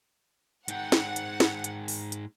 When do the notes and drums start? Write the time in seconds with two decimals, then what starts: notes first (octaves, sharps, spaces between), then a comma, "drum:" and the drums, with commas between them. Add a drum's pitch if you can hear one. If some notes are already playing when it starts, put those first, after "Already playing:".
0.68 G#2 F#5 G5, drum: hi-hat
0.92 drum: snare
1.16 drum: hi-hat
1.40 drum: snare
1.64 drum: hi-hat
1.88 drum: open hi-hat
2.12 drum: hi-hat